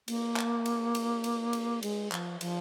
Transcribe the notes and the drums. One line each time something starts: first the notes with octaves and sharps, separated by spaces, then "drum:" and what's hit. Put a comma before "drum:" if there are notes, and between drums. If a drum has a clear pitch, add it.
A#3, drum: cymbal
drum: clap
drum: cymbal
drum: cymbal
drum: cymbal
drum: cymbal
G#3, drum: cymbal
F3, drum: clap
F3, drum: cymbal